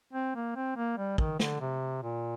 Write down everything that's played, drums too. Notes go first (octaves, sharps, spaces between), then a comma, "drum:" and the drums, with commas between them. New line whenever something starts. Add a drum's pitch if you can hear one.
C4
A#3
C4
A#3
G3
D#3, drum: kick
D3, drum: snare
C3
A#2